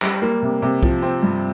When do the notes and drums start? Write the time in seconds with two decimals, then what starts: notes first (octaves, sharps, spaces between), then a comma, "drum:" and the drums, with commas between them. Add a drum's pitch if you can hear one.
0.02 G3, drum: clap
0.22 A#3
0.43 C3
0.62 C3
0.83 F3, drum: kick B1
1.02 C4
1.23 G2